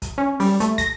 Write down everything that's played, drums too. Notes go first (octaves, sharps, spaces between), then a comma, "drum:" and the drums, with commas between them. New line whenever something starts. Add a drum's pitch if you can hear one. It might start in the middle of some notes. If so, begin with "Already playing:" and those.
drum: kick, hi-hat
C#4
G3, drum: open hi-hat
A3, drum: hi-hat
A#6, drum: kick, hi-hat